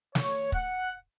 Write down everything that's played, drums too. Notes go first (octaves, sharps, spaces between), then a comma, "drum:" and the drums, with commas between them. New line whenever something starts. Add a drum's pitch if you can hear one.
C#5, drum: snare
F#5, drum: kick